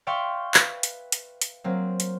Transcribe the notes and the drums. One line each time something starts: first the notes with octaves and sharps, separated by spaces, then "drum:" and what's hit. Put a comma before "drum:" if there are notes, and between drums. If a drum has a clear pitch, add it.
D5 E5 F5 G5 C6 C#6
B4, drum: clap
drum: hi-hat
drum: hi-hat
drum: hi-hat
F#3 A#3 C4
drum: hi-hat